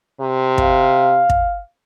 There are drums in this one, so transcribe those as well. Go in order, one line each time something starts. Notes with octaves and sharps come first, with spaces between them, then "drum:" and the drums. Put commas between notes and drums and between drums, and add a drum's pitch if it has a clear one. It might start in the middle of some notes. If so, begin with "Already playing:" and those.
C3
F5, drum: kick
drum: kick